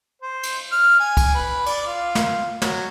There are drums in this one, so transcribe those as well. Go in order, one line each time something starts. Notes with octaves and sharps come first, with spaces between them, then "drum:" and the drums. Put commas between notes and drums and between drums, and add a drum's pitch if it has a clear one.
C5
drum: cymbal
F6
G#5
drum: kick, cymbal
B4
D5, drum: cymbal
F4
drum: snare
F#3, drum: snare